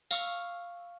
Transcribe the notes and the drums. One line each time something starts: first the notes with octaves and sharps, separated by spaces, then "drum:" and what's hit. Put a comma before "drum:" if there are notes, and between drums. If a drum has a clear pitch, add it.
F5 C#6 E6, drum: tambourine